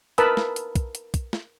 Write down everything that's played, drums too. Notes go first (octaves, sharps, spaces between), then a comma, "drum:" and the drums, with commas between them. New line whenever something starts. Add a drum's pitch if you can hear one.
A#4 B4 A5 B5 D#6 E6, drum: hi-hat
drum: snare
drum: hi-hat
drum: kick, hi-hat
drum: hi-hat
drum: kick, hi-hat
drum: snare